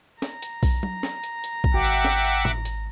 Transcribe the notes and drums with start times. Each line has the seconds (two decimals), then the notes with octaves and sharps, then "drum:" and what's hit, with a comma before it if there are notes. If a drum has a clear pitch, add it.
0.22 A#5, drum: snare
0.42 drum: hi-hat
0.63 drum: kick B1, open hi-hat
0.83 drum: tom F#3
1.03 drum: snare
1.24 drum: hi-hat
1.44 drum: hi-hat
1.64 drum: kick B1
1.74 G#1 E5 F#5 G5 D6
1.84 drum: hi-hat
2.05 drum: snare
2.25 drum: hi-hat
2.45 drum: tom A2
2.65 drum: hi-hat